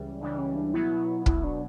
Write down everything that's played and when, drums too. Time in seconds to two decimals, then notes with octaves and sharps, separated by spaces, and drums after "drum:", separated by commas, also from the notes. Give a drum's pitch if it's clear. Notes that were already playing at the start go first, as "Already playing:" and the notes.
Already playing: C#2 C#3 E3 G3
0.20 C#2 C#3 E3 G3 D4
0.38 C#4
0.56 D4
0.73 B2 F#3 B3 E4
1.26 B2 F#3 B3 E4, drum: kick
1.44 D4